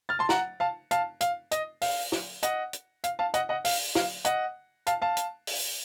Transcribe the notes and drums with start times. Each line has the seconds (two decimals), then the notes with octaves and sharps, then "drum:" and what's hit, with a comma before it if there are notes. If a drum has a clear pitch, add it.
0.09 F6 A6
0.19 A5 C6
0.29 F#5 A#5, drum: snare
0.60 F5 A5
0.91 F5 A5, drum: hi-hat
1.21 F5, drum: hi-hat
1.51 D#5, drum: hi-hat
1.82 F5, drum: open hi-hat
2.12 drum: snare
2.43 D#5 F#5, drum: hi-hat
2.73 drum: hi-hat
3.04 F5, drum: hi-hat
3.19 F5 A5
3.34 D#5 F#5, drum: hi-hat
3.49 D#5 F#5
3.65 F5, drum: open hi-hat
3.95 F5, drum: snare
4.25 D#5 F#5, drum: hi-hat
4.87 F5 A5, drum: hi-hat
5.02 F5 A5
5.17 drum: hi-hat
5.47 drum: open hi-hat